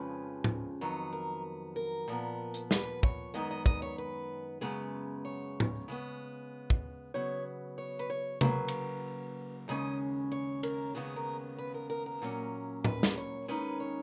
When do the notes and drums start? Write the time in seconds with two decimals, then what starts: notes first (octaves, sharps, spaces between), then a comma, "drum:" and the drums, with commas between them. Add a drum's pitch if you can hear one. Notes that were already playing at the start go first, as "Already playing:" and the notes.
Already playing: F2 C#3 F3 G#3 C#4 B4
0.44 drum: tom A2
0.81 F2 D#3 F#3 B3 C#5
1.13 A#4
1.76 A#4
2.08 A#2 F3 B3
2.54 drum: hi-hat
2.71 B4, drum: snare
3.03 C#5, drum: kick
3.34 F#2 D#3 G#3 B3 D#5
3.51 D#5
3.66 D#5, drum: kick
3.82 C#5
3.98 B4
4.61 F#2 C#3 G#3 B3
5.25 C#5
5.60 drum: tom A2
5.88 C#3 G#3 B3
6.70 drum: kick
7.14 C#3 F#3 B3 C#5
7.78 C#5
7.99 B4
8.10 C#5
8.41 C#3 F#3 A#3 B4, drum: tom C3
8.68 drum: cymbal
9.68 D#2 C#3 G#3 C#4 D#5
10.32 C#5
10.63 A#4, drum: cymbal
10.95 D#2 C#3 G#3 B3 G#4
11.16 A#4
11.58 B4
11.74 A#4
11.90 A#4
12.06 A#4
12.22 A#2 F#3 A#3 C#4
12.84 B4, drum: tom A2
13.03 drum: snare
13.17 C#5
13.48 D#2 D#3 G#3 C#4 B4
13.80 C#5